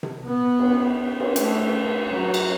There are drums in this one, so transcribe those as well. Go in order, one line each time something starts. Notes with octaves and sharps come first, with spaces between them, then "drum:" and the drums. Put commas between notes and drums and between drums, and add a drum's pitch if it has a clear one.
drum: tom C3
B3
drum: cymbal
drum: cymbal
A3, drum: hi-hat
F#3
drum: cymbal